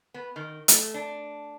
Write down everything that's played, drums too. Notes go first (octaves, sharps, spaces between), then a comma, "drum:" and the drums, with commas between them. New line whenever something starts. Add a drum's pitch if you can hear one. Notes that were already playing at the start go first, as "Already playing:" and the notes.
B3
D#3
A3, drum: hi-hat
D4